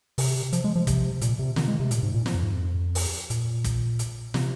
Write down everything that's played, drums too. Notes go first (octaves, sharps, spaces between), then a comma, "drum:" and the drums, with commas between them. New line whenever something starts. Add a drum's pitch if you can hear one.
C3, drum: open hi-hat
F3, drum: hi-hat
G#3
F3
C3, drum: kick, hi-hat
A#2, drum: hi-hat
C3
D#3, drum: snare
G#3
C3
A#2, drum: hi-hat
G#2
A#2
F3, drum: snare
F2
G#2
F2
drum: open hi-hat
A#2, drum: hi-hat
drum: kick, hi-hat
drum: hi-hat
C3, drum: snare